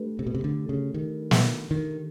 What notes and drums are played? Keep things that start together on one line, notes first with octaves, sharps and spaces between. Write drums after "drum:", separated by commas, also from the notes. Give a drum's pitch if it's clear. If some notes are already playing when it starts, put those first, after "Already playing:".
Already playing: A3 D4 G4 B4
C3
B2
C3
D3
C#3
D#3
drum: snare
D#3